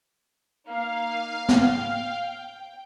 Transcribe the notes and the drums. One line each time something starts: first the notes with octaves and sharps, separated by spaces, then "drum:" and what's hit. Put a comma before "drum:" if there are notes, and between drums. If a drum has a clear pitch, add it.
A#3 D#4 F5
G5, drum: snare